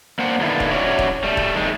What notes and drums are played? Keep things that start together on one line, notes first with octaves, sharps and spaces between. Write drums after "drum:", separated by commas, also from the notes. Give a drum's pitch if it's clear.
A#3 D4 C5 F#5
D3 D#3 B3 E4 F4 A4
drum: kick D#1
C#4 E4 F#4 C#5 D5
drum: kick D#1
G3 A3
drum: kick D#1
D#3 G#3 A3